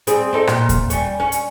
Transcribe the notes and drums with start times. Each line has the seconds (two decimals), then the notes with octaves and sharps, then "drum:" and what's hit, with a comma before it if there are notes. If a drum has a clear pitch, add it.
0.07 G3 C4 G#4, drum: hi-hat
0.33 C4 D#4 A4
0.47 A#2, drum: rim click
0.69 drum: kick D#2, hi-hat
0.90 G3 C#4, drum: hi-hat
1.20 C#4
1.32 drum: hi-hat